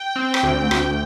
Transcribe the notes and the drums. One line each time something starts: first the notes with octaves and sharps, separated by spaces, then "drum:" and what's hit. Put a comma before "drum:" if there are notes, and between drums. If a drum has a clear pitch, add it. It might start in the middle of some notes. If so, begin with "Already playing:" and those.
Already playing: G5
C4
drum: rim click
D2
D2, drum: rim click